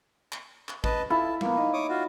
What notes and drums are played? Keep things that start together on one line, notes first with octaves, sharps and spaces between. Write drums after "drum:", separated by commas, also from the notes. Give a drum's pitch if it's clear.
drum: clap
drum: clap
B4 D#5 A5, drum: kick
E4 F4 A4 A5
F3 A#3 B3, drum: tom G3
D#4
C#5 D6 D#6
F4 F#4